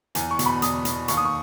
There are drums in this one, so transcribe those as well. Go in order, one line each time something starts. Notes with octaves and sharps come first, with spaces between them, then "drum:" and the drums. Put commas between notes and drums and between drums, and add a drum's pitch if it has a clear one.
E2 G#5, drum: hi-hat
C#6
B2, drum: hi-hat
B5
E2 D#6, drum: hi-hat
B2, drum: hi-hat
D#2 C#6, drum: hi-hat
D#6
C#6